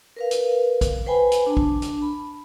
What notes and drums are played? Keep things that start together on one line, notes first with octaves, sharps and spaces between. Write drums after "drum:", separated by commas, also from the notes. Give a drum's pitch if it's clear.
A#4 B4 F5
drum: hi-hat
drum: kick, hi-hat
B4 C5 G5 G#5 B5
drum: hi-hat
D4 A5
drum: kick
drum: hi-hat
B5